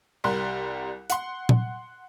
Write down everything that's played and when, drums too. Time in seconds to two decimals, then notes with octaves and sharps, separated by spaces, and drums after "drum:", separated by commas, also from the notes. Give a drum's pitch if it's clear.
0.24 C2 G3 A#4 C6 F#6
1.10 F#5 C6, drum: hi-hat
1.49 drum: tom A#2